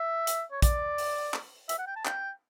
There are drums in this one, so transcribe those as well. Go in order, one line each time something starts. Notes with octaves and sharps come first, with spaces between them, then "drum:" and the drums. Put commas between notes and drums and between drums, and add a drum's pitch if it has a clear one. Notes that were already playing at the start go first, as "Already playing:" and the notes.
Already playing: E5
drum: hi-hat
C#5
D5, drum: kick, hi-hat
drum: open hi-hat
drum: clap
E5, drum: hi-hat
F#5
G5
A5
G5, drum: clap